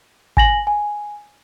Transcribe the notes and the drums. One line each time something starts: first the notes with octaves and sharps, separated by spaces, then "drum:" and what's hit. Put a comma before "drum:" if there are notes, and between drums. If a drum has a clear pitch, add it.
G#5 A#6 F#7, drum: kick G#1
G#5